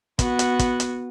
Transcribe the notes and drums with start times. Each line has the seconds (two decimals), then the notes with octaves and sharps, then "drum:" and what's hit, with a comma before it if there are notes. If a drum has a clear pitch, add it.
0.19 B3 F#4, drum: kick, hi-hat
0.39 drum: hi-hat
0.59 drum: kick, hi-hat
0.80 drum: hi-hat